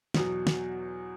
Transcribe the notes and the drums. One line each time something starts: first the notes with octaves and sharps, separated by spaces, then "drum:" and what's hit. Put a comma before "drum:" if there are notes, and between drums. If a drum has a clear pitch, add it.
E2 B2 F#3 F#4, drum: snare
drum: snare